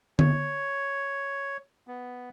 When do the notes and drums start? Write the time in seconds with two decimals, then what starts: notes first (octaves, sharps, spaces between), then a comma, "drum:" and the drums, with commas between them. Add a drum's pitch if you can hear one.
0.19 C#5, drum: tom D3
1.88 B3